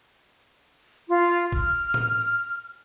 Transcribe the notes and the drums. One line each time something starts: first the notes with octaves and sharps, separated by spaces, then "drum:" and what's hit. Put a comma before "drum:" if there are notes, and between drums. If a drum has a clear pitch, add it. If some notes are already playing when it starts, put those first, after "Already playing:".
F4
F6, drum: kick
drum: tom A2